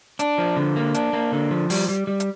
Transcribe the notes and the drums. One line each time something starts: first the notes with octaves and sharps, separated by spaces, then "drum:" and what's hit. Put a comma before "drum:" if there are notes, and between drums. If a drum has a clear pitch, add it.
D4, drum: hi-hat
F3
D3
A#3
D4, drum: hi-hat
A#3
D3
F3
G3, drum: open hi-hat
G3
G3
drum: hi-hat